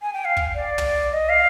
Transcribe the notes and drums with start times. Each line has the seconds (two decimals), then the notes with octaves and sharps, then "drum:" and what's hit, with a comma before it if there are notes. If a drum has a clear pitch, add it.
0.02 G#5
0.13 G5
0.25 F5
0.37 drum: kick
0.55 D5
0.78 drum: tom
1.13 D#5
1.29 F5